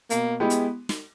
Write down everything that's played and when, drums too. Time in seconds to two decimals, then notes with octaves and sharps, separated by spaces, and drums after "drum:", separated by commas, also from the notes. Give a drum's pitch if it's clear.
0.10 B2 A#3, drum: hi-hat
0.40 G#3 B3 E4 G4
0.50 drum: hi-hat
0.89 drum: snare